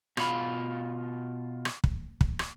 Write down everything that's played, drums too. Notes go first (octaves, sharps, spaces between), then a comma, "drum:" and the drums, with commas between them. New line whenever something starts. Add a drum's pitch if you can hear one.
B2 F4 F5 B5, drum: rim click
drum: rim click
drum: kick
drum: kick
drum: rim click